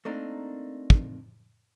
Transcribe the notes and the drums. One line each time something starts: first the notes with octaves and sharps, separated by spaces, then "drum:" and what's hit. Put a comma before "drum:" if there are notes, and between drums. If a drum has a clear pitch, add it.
A3 A#3 C4 D4 D#4 A#4
drum: kick